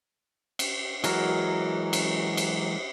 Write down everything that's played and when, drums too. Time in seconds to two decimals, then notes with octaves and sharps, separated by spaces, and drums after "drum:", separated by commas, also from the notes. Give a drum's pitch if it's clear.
0.59 drum: cymbal
1.04 E3 F#3 G#3 F#4 A#4, drum: cymbal
1.93 drum: cymbal
2.37 drum: cymbal